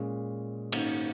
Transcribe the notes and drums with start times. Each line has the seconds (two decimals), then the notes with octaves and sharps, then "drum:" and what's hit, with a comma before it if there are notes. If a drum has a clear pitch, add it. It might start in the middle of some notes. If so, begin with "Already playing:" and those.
Already playing: A#2 G#3 C#4
0.72 G#2 D#3 A#3 C#4, drum: cymbal